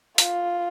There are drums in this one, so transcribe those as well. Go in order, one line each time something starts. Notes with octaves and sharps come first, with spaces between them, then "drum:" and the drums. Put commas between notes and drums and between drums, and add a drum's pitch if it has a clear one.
F4, drum: hi-hat